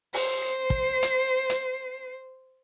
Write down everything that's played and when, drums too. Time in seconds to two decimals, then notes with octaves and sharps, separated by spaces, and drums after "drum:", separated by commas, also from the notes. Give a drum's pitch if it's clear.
0.14 C5 C7, drum: open hi-hat
0.70 drum: kick
1.03 drum: hi-hat
1.50 drum: hi-hat